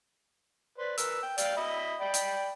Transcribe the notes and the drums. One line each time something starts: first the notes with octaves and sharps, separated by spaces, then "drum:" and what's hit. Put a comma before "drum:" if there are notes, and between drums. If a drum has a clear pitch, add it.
B4 C5 D5
A#4 B4 E6, drum: hi-hat
G5
D5 F5 G5, drum: hi-hat
D#5 E5 B5
D5 G5 B5
drum: hi-hat